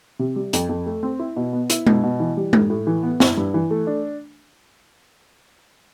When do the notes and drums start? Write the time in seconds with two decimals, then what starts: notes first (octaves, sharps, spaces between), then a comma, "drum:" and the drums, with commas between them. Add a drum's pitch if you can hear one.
0.19 C3
0.36 G3
0.53 F2, drum: hi-hat
0.69 F2
0.86 A3
1.03 C4
1.19 E4
1.36 B2
1.53 B3
1.70 E4, drum: hi-hat
1.87 B2, drum: tom G#3
2.03 B2
2.20 E3
2.37 G3
2.53 A2, drum: tom G#3
2.70 A2
2.87 E3
3.03 B3
3.20 E4, drum: snare
3.37 G2
3.54 E3
3.71 A3
3.87 D4